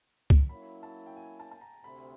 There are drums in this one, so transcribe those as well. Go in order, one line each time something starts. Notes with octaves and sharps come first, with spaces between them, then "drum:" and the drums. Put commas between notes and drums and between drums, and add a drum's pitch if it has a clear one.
drum: kick
F#3 A#3 C#4 E4 B5
A5
G5
G#5
A5
A5
A#5
D2 C3 B5